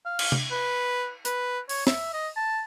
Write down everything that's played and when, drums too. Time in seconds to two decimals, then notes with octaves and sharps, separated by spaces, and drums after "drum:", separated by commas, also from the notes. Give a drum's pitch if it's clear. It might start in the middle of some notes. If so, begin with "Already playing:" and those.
0.06 F5
0.19 drum: cymbal
0.32 drum: tom
0.51 B4
1.25 B4, drum: hi-hat
1.69 C#5, drum: open hi-hat
1.87 E5, drum: snare
2.14 D#5
2.36 A5